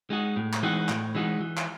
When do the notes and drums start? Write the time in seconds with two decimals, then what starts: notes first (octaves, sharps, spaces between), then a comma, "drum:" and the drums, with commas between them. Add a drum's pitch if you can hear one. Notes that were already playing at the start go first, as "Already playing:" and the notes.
0.10 G#3 D#4 F#4
0.36 A2
0.54 drum: clap
0.63 E3 G#3 D#4 F#4
0.89 A2, drum: clap
1.15 E3 G#3 D#4 F#4
1.40 E3
1.58 drum: clap